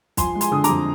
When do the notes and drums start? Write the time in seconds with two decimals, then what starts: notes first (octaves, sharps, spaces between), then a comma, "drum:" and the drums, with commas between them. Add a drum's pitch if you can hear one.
0.17 F3 G#5 C6, drum: kick, hi-hat
0.35 G#3
0.41 G#5 C6, drum: hi-hat
0.51 D3 D#6
0.64 A#5 D6, drum: hi-hat
0.69 F2